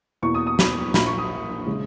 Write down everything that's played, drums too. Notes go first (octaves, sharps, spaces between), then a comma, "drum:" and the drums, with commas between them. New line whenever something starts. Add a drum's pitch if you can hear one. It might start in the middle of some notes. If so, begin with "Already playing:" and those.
E2 B2 A#3 C#6
D#6
D#6
B5, drum: snare
A#1 A#2 A#3 B5, drum: snare
C#6
D#6
C#3 G#3